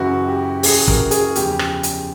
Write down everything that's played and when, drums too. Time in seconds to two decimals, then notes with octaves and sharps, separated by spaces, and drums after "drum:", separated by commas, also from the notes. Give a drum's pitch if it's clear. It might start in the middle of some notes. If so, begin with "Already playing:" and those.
Already playing: F#2 C#3 E3 F#4
0.27 G4
0.63 F#2 C#3 E3 G#4, drum: open hi-hat
0.88 A#4, drum: kick
1.11 G#4, drum: hi-hat
1.35 E2 C#3 F3 G4, drum: hi-hat
1.59 drum: rim click
1.83 drum: hi-hat